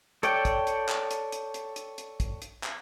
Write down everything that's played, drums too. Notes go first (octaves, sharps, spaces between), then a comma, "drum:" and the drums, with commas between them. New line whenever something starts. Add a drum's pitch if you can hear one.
A4 C#5 D5 G5, drum: hi-hat
drum: kick, hi-hat
drum: hi-hat
drum: clap
drum: hi-hat
drum: hi-hat
drum: hi-hat
drum: hi-hat
drum: hi-hat
drum: kick, hi-hat
drum: hi-hat
drum: clap